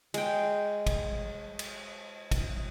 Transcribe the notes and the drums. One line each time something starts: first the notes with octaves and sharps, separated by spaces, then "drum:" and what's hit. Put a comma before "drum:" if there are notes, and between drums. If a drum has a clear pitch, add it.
G#3 G5, drum: cymbal
drum: kick, cymbal
drum: cymbal
drum: kick, cymbal